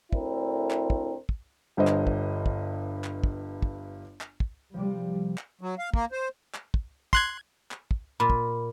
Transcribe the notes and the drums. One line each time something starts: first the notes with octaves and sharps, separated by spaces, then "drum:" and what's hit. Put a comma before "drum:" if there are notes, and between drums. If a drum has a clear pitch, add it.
D2 A2 C4 D4 E4 A#4, drum: kick
drum: clap
drum: kick
drum: kick
G1 G2 C5 D#5
drum: clap
drum: kick
drum: kick
drum: clap
drum: kick
drum: kick
drum: clap
drum: kick
C3 F3 G3
drum: clap
F#3
F5
A#3, drum: kick
C5
drum: clap
drum: kick
C6 F#6 G#6, drum: kick
drum: clap
drum: kick
A#2 B5
drum: kick